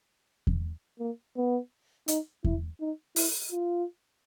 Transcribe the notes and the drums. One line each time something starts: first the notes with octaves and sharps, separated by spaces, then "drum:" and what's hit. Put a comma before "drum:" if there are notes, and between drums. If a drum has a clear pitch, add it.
drum: kick E2
A#3
B3
D#4, drum: hi-hat
E4, drum: kick E2
D#4
E4, drum: open hi-hat
F4